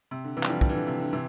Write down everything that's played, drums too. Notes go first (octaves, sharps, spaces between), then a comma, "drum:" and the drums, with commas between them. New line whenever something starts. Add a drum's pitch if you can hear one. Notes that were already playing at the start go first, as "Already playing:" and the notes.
C3
D3
C3 E3
G3, drum: clap
D3 F3
D3, drum: kick
E3
D3
C3
D3
C3 E3